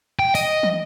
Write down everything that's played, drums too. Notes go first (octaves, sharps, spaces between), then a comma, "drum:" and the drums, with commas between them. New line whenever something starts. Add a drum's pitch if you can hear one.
G5
D#5, drum: open hi-hat
drum: tom